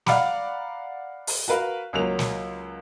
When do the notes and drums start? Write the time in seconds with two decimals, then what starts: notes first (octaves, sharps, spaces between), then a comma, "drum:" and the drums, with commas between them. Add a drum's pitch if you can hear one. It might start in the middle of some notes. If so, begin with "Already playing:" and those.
0.06 D5 F5 F#5 A#5 B5 D6, drum: snare
1.27 drum: open hi-hat
1.48 F#4 A#4 B4 F5
1.93 C#2 F#3 A#3 F7
2.19 drum: snare